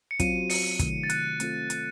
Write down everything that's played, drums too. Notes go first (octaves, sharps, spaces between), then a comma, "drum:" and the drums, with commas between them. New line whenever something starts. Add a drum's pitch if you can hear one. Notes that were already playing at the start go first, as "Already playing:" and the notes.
C#7
F#3 C4 F4 D#7, drum: kick, hi-hat
C#7, drum: open hi-hat
C3 D#3 A3, drum: kick, hi-hat
A6
F#6, drum: hi-hat
A3 C4 F4 A4, drum: hi-hat
drum: hi-hat